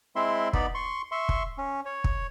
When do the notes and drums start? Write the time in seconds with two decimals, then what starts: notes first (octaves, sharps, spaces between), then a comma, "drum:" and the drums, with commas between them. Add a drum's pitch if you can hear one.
0.16 G#3 C4 E4 E5 C6
0.53 B3 D#4 D5 B5, drum: kick
0.74 C6 C#6
1.12 E5 C6 C#6
1.29 drum: kick
1.58 C#4
1.85 C#5
2.04 drum: kick